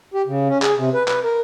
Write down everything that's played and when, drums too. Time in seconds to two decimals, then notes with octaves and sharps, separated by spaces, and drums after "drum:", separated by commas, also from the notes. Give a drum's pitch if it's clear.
0.14 G4
0.27 C#3
0.49 C#4
0.62 G#4, drum: clap
0.76 C3
0.94 B4
1.08 B4, drum: clap
1.24 A#4